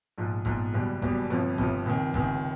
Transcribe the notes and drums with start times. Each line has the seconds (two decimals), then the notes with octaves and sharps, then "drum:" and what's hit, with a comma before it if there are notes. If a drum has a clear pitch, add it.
0.18 A#1 G#2 F3
0.45 A#1 G#2 F3, drum: kick
0.74 F#1 E2 B2 G3
1.02 F#1 E2 B2 G3, drum: kick
1.30 G1 F2 C3 F3
1.58 G1 F2 C3 F3, drum: kick
1.86 C#2 C3 D#3
2.14 C#2 C3 D#3, drum: kick